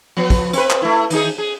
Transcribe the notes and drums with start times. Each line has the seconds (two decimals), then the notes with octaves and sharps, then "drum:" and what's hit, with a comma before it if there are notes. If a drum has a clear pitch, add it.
0.17 F3 B3
0.30 drum: kick, cymbal
0.53 C4 B4, drum: cymbal
0.70 drum: clap
0.82 A3 E4
1.10 D#3 D#4 G#4, drum: cymbal
1.38 G#4